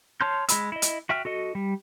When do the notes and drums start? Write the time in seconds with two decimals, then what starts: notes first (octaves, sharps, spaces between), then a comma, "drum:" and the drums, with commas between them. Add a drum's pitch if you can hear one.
0.21 C#5 A5 C6 F6 G6
0.49 G#3 B5 E6, drum: hi-hat
0.72 E4 D#5
0.82 drum: hi-hat
1.09 F#4 E5 G5 F6
1.25 F#4 A4 D#5
1.55 G3